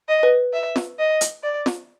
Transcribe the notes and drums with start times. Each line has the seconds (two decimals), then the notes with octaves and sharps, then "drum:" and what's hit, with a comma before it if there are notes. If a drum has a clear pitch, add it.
0.08 D#5
0.23 B4
0.53 E5
0.76 drum: snare
0.98 D#5
1.21 drum: hi-hat
1.43 D5
1.66 drum: snare